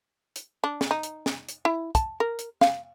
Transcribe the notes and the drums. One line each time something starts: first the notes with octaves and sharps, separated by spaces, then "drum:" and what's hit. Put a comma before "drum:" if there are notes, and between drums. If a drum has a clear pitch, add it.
drum: hi-hat
D4
drum: snare
D#4
drum: hi-hat
drum: snare
drum: hi-hat
E4
A5, drum: kick, hi-hat
A#4
drum: hi-hat
F5, drum: snare